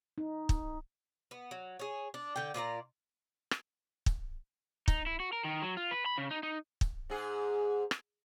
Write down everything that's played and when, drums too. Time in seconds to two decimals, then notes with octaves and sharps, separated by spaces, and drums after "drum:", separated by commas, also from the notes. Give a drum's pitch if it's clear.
0.18 D#4
0.49 drum: kick
1.31 B3
1.51 F#3
1.79 G#4 C#5
2.14 D4
2.36 D3 G5
2.54 A#2 F4 D5 A#5
3.51 drum: rim click
4.06 drum: kick
4.88 D#4, drum: kick
5.06 E4
5.20 F#4
5.33 A#4
5.44 D#3
5.62 F#3
5.77 F4
5.91 B4
6.06 B5
6.18 C#3
6.31 D#4
6.43 D#4
6.81 drum: kick
7.10 G#2 G#4
7.91 drum: rim click